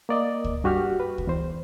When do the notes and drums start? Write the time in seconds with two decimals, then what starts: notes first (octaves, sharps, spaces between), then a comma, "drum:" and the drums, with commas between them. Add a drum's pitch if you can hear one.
0.09 A#3 D5 D#5
0.44 drum: kick C#2
0.64 G2 F#4 G4 F6
1.00 B4
1.18 drum: kick C#2
1.27 E2 C5